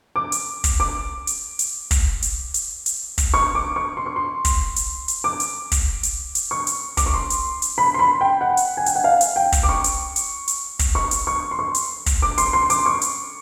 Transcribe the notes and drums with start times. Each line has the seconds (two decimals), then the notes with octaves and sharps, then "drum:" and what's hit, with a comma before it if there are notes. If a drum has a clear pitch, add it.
0.16 D6
0.32 drum: hi-hat
0.64 drum: kick, hi-hat
0.80 D6
1.27 drum: hi-hat
1.59 drum: hi-hat
1.91 drum: kick, hi-hat
2.22 drum: hi-hat
2.54 drum: hi-hat
2.86 drum: hi-hat
3.18 drum: kick, hi-hat
3.34 C#6
3.55 D6
3.76 C#6
3.97 C6
4.06 C#6
4.16 C6
4.45 drum: kick, hi-hat
4.76 drum: hi-hat
5.08 drum: hi-hat
5.24 D6
5.40 drum: hi-hat
5.72 drum: kick, hi-hat
6.03 drum: hi-hat
6.35 drum: hi-hat
6.51 C#6
6.67 drum: hi-hat
6.97 D6, drum: kick, hi-hat
7.06 C#6
7.14 C6
7.30 drum: hi-hat
7.62 drum: hi-hat
7.78 B5
7.94 C6
7.99 B5
8.21 G5
8.41 F#5
8.57 drum: hi-hat
8.77 G#5
8.86 G5, drum: hi-hat
8.96 F#5
9.04 F5
9.21 drum: hi-hat
9.36 G5
9.52 drum: kick, hi-hat
9.63 D6
9.69 C#6
9.84 drum: hi-hat
10.16 drum: hi-hat
10.48 drum: hi-hat
10.79 drum: kick, hi-hat
10.95 C#6
11.11 drum: hi-hat
11.27 C#6
11.51 C6
11.59 C#6
11.75 drum: hi-hat
12.06 drum: kick, hi-hat
12.22 D6
12.38 C6, drum: hi-hat
12.53 C6
12.70 D6, drum: hi-hat
12.86 C#6
13.02 drum: hi-hat